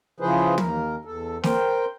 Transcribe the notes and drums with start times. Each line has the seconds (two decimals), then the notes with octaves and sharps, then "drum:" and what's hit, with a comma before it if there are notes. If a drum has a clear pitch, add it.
0.20 C#3 E3 F3 G#4 B4 C5
0.58 D#2 A#4, drum: tom
1.05 E2 A4
1.43 A#4 C5 G5, drum: snare